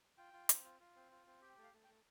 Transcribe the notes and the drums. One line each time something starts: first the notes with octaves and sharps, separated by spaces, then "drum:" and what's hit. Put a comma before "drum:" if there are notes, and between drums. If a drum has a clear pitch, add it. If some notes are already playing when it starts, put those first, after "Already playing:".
F4 G5
F4
C4, drum: hi-hat
F4
F4
C4
F4
C4
G4 G5
A3
F5
A3
G5
A3